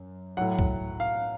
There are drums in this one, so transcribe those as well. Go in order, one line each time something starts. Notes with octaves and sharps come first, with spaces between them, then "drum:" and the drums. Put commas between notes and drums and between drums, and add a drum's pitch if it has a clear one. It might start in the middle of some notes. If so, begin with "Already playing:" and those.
Already playing: F#2
A2 F#3 F#5
drum: kick
F5